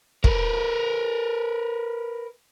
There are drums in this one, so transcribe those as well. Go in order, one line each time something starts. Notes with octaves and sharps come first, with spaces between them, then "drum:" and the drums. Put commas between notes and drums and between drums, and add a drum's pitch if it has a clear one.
A#4 B4, drum: kick